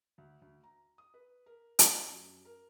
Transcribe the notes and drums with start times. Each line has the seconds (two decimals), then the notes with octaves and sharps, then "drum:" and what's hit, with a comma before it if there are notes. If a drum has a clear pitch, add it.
0.18 D2
0.42 D2
0.63 A#5
0.98 D#6
1.14 B4
1.46 A#4
1.79 D4, drum: hi-hat
1.95 A#5
2.06 F#2
2.45 A#4